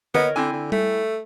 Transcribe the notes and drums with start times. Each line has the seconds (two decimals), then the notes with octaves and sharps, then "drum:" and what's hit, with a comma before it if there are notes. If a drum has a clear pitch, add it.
0.15 B3 A#4 C#5 D#5, drum: tom D3
0.36 D3 C4 E4 G#5
0.53 D3
0.72 A3, drum: tom G3